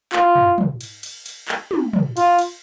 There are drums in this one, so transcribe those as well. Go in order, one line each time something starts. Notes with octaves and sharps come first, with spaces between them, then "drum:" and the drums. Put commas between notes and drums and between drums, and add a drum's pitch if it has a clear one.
F4, drum: clap
drum: tom
drum: tom
drum: cymbal
drum: cymbal
drum: cymbal
drum: clap
drum: tom
drum: tom
F4, drum: cymbal
drum: cymbal